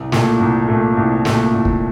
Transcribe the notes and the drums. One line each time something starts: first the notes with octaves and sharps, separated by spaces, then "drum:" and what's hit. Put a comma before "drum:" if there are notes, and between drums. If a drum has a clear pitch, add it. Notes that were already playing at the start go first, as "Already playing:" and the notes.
Already playing: C2
A#2 A3, drum: snare
C2
A#2 A3
C2
A#2 A3, drum: snare
C2
drum: kick